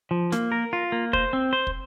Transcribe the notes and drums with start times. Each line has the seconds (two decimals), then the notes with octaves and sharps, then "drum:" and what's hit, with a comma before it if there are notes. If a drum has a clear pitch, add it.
0.11 F3
0.32 A#3, drum: snare
0.52 A#4
0.73 F4
0.92 A#3
1.13 C5, drum: kick
1.33 C4
1.53 C5
1.67 drum: kick